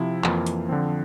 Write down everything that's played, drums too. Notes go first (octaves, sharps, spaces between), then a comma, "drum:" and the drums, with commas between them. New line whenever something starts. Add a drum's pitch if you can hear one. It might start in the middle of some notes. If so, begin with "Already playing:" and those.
Already playing: C3 F3 C4 E4
F2 E3 A#3 F4, drum: clap
drum: hi-hat
D3 F3 C4